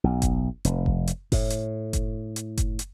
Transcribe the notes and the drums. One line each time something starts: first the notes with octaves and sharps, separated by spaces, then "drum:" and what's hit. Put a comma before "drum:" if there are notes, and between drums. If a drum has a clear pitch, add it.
B1
drum: kick F#1, hi-hat
F1, drum: hi-hat
drum: kick F#1
drum: hi-hat
A2, drum: kick F#1, open hi-hat
drum: hi-hat
drum: kick F#1, hi-hat
drum: hi-hat
drum: kick F#1, hi-hat
drum: hi-hat